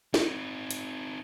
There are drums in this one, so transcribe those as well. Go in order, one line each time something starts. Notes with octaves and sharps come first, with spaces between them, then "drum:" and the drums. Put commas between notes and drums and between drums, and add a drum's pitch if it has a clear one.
C4 D#4, drum: snare
drum: hi-hat